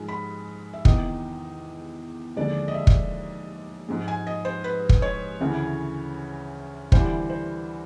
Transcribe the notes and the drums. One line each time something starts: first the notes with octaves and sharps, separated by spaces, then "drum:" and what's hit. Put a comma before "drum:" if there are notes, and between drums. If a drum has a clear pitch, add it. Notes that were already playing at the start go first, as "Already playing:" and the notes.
Already playing: G#2 F3 G#3
B5
E5
E2 C3 D#3 D#5, drum: kick
D#2 D3 F3 G#3 D5
D#5
E5
drum: kick
G#2 F3 G#3
G#5
D#5
C5
B4
drum: kick
C#5
D2 C#3 E3
D2 C3 E3 G3 C5, drum: kick
C5